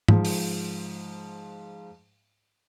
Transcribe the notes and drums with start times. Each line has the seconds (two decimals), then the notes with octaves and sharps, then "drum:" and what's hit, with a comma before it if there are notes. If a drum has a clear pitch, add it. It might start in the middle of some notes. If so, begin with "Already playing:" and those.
0.08 G#2 F3, drum: tom G#2
0.25 drum: open hi-hat